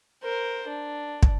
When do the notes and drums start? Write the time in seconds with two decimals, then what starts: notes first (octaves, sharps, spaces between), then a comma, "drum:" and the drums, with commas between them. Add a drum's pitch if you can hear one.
0.23 A#4 C5
0.67 D4
1.23 drum: kick